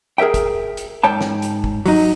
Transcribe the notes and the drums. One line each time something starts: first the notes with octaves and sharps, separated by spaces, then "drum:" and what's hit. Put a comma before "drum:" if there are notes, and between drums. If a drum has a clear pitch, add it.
G#4 A#4 C5 E5 G5
drum: kick, hi-hat
drum: hi-hat
G#2 C#5 G5 A5
drum: snare
drum: hi-hat
drum: kick
F#3 D#4, drum: open hi-hat